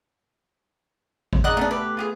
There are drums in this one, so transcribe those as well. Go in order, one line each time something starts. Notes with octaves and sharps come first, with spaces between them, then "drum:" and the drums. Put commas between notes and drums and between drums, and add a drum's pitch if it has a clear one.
drum: kick G#1
D#4 G#4 A#4 D5 D#5 F#5 F#6
C#3 A3 B3 D4
G4 B4
F4 G4 G#4